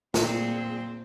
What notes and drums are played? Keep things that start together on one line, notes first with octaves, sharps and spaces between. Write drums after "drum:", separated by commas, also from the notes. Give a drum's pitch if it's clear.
A#2 C4 G#4, drum: snare